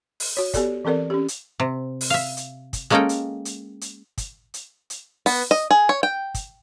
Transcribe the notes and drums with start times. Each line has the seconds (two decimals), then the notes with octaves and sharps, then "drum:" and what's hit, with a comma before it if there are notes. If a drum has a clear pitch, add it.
0.20 drum: open hi-hat
0.37 F#4 C#5
0.54 B3 G4 A4 D5, drum: kick, hi-hat
0.85 E3 C4 A4 A#4 D5
1.10 C#4 G4
1.28 drum: hi-hat
1.60 C3
2.01 drum: open hi-hat
2.10 E5 F5
2.37 drum: hi-hat
2.73 drum: kick, hi-hat
2.90 G#3 A#3 C#4 A4 D#5 G5
3.09 drum: hi-hat
3.45 drum: hi-hat
3.81 drum: hi-hat
4.18 drum: kick, hi-hat
4.54 drum: hi-hat
4.90 drum: hi-hat
5.26 B3, drum: open hi-hat
5.51 D#5
5.71 G#4
5.89 C#5
6.03 G5
6.34 drum: kick, hi-hat